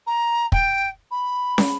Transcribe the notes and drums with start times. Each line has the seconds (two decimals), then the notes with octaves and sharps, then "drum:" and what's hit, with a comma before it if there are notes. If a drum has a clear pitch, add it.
0.07 A#5
0.52 G5, drum: kick
1.11 B5
1.58 drum: snare